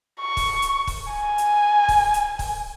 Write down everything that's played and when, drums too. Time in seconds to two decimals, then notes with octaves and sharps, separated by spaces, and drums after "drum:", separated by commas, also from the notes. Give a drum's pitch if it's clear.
0.21 C#6
0.37 drum: kick, open hi-hat
0.62 drum: hi-hat
0.87 drum: kick, open hi-hat
1.13 G#5
1.38 drum: hi-hat
1.89 drum: kick, open hi-hat
2.14 drum: hi-hat
2.39 drum: kick, open hi-hat